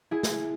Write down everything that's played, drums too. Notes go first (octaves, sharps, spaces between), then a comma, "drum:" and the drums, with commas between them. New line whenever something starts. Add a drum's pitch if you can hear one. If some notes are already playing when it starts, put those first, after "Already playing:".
E4 G#4
drum: snare